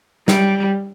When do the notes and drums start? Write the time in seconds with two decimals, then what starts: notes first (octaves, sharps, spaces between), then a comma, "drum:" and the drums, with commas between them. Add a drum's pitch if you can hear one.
0.28 G3, drum: snare